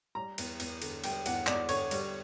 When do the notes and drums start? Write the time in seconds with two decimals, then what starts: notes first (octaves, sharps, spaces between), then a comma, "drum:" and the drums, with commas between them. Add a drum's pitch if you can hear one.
0.15 G3 A#5
0.38 E2, drum: cymbal
0.60 E2, drum: cymbal
0.82 D3, drum: cymbal
1.04 G3 G5, drum: cymbal
1.26 E2 F#5, drum: cymbal
1.47 E2 D5, drum: clap
1.69 D3 C#5, drum: cymbal
1.91 G3, drum: cymbal